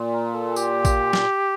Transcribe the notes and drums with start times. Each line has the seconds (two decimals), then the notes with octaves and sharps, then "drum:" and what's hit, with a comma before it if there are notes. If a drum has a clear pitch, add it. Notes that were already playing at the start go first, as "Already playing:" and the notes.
Already playing: A#2
0.13 A#4
0.34 A4
0.56 G4, drum: tambourine
0.85 drum: kick, tambourine
1.13 drum: snare